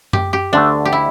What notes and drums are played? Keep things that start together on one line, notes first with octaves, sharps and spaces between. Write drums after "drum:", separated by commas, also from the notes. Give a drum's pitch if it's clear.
G4, drum: tom F#2
G4
D2 D3 A3 D4
G4
E4